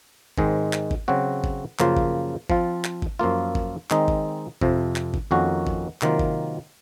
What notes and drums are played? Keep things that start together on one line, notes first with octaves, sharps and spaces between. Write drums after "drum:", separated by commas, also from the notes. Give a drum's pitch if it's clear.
G#2 D#3 G#3 C4, drum: kick G#1
drum: clap
drum: kick G#1
C#3 F#3 C4 F#4
drum: kick G#1
F#2 C#3 F3 A#3 F4, drum: clap
drum: kick G#1
F3 C4 F4, drum: kick G#1
drum: clap
drum: kick G#1
F#2 F3 A#3 F4
drum: kick G#1
D#3 G#3 C4 D#4, drum: clap
drum: kick G#1
F2 C3 F3, drum: kick G#1
drum: clap
drum: kick G#1
F2 D#3 A#3 C#4 F#4
drum: kick G#1
C3 D#3 F#3 A#3 F4, drum: clap
drum: kick G#1